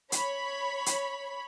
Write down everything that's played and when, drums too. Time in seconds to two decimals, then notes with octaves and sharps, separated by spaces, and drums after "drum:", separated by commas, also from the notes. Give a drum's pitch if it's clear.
0.12 C#5 B5, drum: hi-hat
0.86 drum: hi-hat